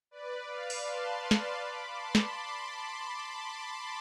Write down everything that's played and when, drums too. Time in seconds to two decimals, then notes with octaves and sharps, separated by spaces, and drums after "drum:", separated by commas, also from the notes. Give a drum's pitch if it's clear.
0.11 B4 D5
0.47 D5 F5
0.70 drum: open hi-hat
0.84 A5 C6
1.31 drum: snare
1.56 B5 D6
1.92 A5 C6
2.15 drum: snare
2.28 B5 D6